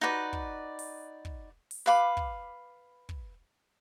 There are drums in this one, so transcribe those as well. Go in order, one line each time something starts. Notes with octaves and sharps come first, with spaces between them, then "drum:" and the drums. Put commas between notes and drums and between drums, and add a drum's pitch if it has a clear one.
D#4 F#4 B4 D5
drum: kick
drum: open hi-hat
drum: kick
drum: open hi-hat
B4 F5 B5 D6
drum: kick
drum: kick